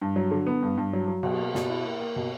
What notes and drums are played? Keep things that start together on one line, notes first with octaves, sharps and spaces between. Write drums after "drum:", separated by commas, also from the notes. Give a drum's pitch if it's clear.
G2
F#3
D3
B3
G2
G2
F#3
F#3
B2, drum: cymbal
A#3
B2, drum: snare
E4
A#3
A#3
B2